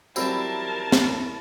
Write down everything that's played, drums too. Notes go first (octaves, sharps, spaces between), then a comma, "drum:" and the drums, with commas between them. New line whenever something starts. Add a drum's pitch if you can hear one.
F#3 G3 C4 E4 A#4 A5, drum: tambourine
drum: snare